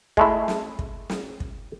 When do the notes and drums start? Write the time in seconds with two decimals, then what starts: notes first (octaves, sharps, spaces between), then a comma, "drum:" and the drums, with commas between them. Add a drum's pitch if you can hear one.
0.17 G#3 A3 E4, drum: kick
0.48 drum: snare
0.79 drum: kick
1.10 drum: snare
1.40 drum: kick